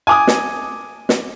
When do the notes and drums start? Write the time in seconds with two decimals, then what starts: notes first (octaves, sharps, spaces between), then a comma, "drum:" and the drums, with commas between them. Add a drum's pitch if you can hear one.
0.07 G#5 D6 D#6
0.27 drum: snare
1.09 drum: snare